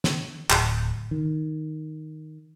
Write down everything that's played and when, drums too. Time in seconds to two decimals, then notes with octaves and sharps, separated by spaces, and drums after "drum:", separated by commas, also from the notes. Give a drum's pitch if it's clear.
0.04 drum: snare
0.50 D1, drum: clap
1.11 D#3